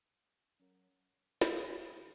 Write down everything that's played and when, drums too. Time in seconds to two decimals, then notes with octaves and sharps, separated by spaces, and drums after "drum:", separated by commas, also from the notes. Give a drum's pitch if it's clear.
0.60 F#3 C#4 A#4 F#5
1.41 F#3, drum: snare
1.52 D#3
1.97 D#3